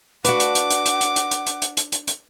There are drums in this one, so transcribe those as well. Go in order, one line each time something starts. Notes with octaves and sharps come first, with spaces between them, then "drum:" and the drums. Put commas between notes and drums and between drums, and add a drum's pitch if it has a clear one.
D4 F#4 B4 F#5 D6, drum: hi-hat
drum: hi-hat
drum: hi-hat
drum: hi-hat
drum: hi-hat
drum: hi-hat
drum: hi-hat
drum: hi-hat
drum: hi-hat
drum: hi-hat
drum: hi-hat
drum: hi-hat
drum: hi-hat